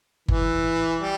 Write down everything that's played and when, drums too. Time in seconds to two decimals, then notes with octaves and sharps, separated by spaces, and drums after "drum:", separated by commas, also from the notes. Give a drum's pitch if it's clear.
0.28 E3, drum: kick G1
1.01 G3